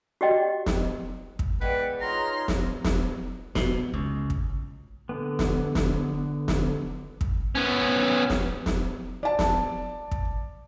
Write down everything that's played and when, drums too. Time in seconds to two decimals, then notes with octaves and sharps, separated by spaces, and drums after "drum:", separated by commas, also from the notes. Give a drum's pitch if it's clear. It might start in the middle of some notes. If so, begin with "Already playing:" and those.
0.21 F#4 G4 D5 D#5 G5
0.66 drum: snare
1.39 drum: kick
1.61 E3 G#3 B3 B4 D5 F#5 G5
2.01 D#4 F4 C#5 A#5 C6 F6
2.48 drum: snare
2.85 drum: snare
3.55 B2, drum: snare
3.94 C#2
4.30 drum: kick
5.09 D3 B3
5.39 drum: snare
5.75 drum: snare
6.48 drum: snare
7.21 drum: kick
7.55 B3 C#4
8.30 drum: snare
8.66 drum: snare
9.23 D5 A5
9.39 drum: snare
10.11 drum: kick